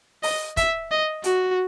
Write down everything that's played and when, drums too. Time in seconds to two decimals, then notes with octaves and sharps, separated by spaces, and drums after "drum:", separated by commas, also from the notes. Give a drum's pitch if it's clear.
0.23 D#5, drum: open hi-hat
0.57 E5, drum: kick, hi-hat
0.91 D#5
1.24 F#4, drum: hi-hat